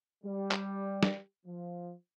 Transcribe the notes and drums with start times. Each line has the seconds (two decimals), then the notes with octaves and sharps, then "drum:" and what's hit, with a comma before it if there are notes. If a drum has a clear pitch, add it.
0.24 G3
0.51 drum: clap
1.03 drum: snare
1.46 F3